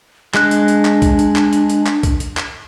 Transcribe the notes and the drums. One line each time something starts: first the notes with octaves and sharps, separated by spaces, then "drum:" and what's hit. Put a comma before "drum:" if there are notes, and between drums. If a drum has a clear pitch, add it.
G#3 D4 F#6, drum: clap
drum: hi-hat
drum: hi-hat
drum: clap
drum: kick B1, hi-hat
drum: hi-hat
drum: clap
drum: hi-hat
drum: hi-hat
drum: clap
drum: kick B1, hi-hat
drum: hi-hat
drum: clap